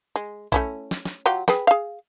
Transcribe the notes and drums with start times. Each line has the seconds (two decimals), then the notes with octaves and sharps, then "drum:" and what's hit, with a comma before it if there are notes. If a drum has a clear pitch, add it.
0.16 G#3
0.52 A3 C#4 E4, drum: kick
0.91 drum: snare
1.05 drum: snare
1.26 F#3 F4 G4
1.48 G#4 B4 G5, drum: snare
1.67 G#4 F5